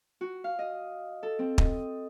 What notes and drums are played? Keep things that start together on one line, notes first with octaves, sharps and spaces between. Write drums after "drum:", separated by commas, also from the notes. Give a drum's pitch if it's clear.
F#4
F5
D#5
A4
C4
D#5, drum: kick